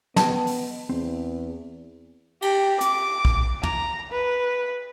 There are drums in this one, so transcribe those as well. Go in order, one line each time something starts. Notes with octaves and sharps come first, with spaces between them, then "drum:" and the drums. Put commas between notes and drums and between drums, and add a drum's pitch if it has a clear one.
B3 D#5 G5 A5, drum: snare
drum: open hi-hat
E2 C4
G4, drum: cymbal
D6, drum: hi-hat
drum: kick
A#5, drum: tom
B4